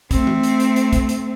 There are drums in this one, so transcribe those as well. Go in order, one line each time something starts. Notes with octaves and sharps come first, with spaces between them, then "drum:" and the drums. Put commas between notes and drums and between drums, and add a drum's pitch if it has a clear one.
A3 C4, drum: kick, hi-hat
drum: tom E3
drum: hi-hat
drum: hi-hat
drum: hi-hat
drum: kick, hi-hat
drum: hi-hat